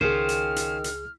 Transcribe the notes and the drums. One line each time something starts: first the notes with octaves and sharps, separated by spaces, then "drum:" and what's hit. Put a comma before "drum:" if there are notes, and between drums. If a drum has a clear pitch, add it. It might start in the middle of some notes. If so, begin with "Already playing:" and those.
C#2 D#3 C#4 F4 G#4 C5 F6
drum: hi-hat
drum: hi-hat
drum: hi-hat